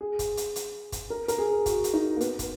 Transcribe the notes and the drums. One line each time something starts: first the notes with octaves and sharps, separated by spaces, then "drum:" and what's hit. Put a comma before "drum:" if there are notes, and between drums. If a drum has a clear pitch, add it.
G#4
drum: kick, hi-hat
drum: hi-hat
drum: hi-hat
drum: kick, hi-hat
A#4
A#4, drum: hi-hat
G#4
F#4, drum: kick, hi-hat
drum: hi-hat
D#4
A#3
B3, drum: hi-hat
drum: kick, hi-hat